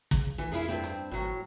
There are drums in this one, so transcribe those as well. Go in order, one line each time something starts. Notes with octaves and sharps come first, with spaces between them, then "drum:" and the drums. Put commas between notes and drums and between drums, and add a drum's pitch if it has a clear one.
C#3, drum: kick, hi-hat
A#1 E3
F2 E4 F4 G#4
G2 C4
drum: hi-hat
G#1 A2 F#3